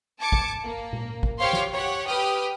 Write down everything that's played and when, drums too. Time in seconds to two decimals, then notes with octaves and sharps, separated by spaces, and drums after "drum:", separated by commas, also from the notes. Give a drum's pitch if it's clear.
0.20 A5 D6 G#6 C#7
0.32 drum: kick
0.64 A#3
0.93 drum: tom A#2
1.23 drum: kick
1.38 G4 C5 C#5 F5 C6
1.53 drum: snare
1.71 G4 C#5 F#5
2.07 G4 B4 G5 D#6 F6